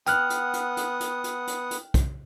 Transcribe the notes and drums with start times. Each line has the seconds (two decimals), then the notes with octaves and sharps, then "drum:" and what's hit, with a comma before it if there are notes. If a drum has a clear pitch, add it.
0.07 B3 F#5 G5 D#6 F6 F#6, drum: hi-hat
0.30 drum: hi-hat
0.53 drum: hi-hat
0.77 drum: hi-hat
1.00 drum: hi-hat
1.24 drum: hi-hat
1.47 drum: hi-hat
1.71 drum: hi-hat
1.94 drum: kick, hi-hat